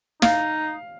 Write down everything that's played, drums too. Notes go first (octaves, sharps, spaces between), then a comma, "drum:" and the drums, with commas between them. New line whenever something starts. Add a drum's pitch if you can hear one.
D#4 F5, drum: snare